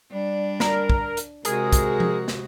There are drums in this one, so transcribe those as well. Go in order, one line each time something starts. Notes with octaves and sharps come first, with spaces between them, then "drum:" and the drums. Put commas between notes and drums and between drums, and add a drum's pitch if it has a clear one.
G3 D4
A#4, drum: snare
drum: kick
drum: hi-hat
C3 G#3 F#4 G#4 A#4, drum: hi-hat
drum: kick, hi-hat
drum: tom F3
drum: snare